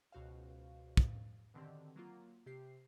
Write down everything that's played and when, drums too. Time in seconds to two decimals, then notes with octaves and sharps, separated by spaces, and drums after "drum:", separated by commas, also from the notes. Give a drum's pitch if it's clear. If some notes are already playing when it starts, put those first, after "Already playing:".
0.12 C#2 B2 F#4 C5 F5
0.97 drum: kick
1.54 B2 D3 D#3 C4 G4
1.96 F#3 A#3 F4
2.46 C3 G4 C7